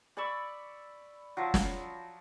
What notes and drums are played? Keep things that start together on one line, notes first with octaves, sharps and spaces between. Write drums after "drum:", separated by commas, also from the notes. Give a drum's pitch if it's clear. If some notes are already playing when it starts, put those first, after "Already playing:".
D5 B5 C#6 E6
F3 F#3
drum: snare